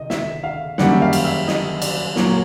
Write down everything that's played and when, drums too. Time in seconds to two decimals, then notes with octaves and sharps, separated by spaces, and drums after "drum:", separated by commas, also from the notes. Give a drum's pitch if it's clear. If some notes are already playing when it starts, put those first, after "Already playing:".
Already playing: C3 D#3 D#5
0.10 E5, drum: snare
0.44 F5
0.78 F#2 D#3 G3 A#3 C#4 F#5, drum: snare
0.91 E5
1.02 F5
1.13 drum: cymbal
1.24 E5
1.48 D#5, drum: snare
1.82 D5, drum: cymbal
2.16 A#2 F#3 A#3 C#5, drum: snare